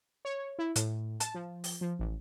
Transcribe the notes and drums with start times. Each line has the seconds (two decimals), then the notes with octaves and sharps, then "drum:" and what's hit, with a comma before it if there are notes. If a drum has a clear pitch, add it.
0.25 C#5
0.59 E4
0.76 A2, drum: hi-hat
1.20 A5, drum: hi-hat
1.34 F3
1.64 drum: open hi-hat
1.81 F3
1.99 A1